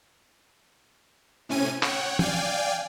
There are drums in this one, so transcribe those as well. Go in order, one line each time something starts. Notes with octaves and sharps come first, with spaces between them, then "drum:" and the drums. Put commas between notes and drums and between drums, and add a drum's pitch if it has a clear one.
A2 C3 C#4 G#5 D#7
C#5 F#5 G5, drum: clap
D5 F5 G5 G#5, drum: tom E3